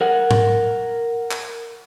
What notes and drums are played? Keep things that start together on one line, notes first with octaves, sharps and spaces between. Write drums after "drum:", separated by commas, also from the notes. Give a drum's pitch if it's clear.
A#4 F#5
drum: tom
drum: clap